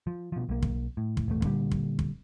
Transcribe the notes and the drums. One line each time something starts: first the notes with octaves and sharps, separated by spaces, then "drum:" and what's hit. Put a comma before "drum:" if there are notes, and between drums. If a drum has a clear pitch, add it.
F3
B2 F3
B1 A#3
drum: kick
A2
drum: kick
E1 A1 A3
A#2 D3 G3, drum: kick
drum: kick
drum: kick